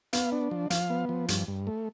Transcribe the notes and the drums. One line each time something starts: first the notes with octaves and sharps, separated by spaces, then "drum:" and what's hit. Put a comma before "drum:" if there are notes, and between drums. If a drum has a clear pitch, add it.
B3 F5, drum: hi-hat
D4
F3
F3 F5, drum: hi-hat
B3
F3
G2, drum: hi-hat
G2
A3